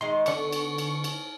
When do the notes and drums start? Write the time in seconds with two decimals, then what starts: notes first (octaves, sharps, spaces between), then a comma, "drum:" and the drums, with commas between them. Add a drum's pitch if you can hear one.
0.01 D#3 G#3 C6
0.26 D3 B3 C#6, drum: cymbal
0.53 drum: cymbal
0.78 drum: cymbal
1.04 drum: cymbal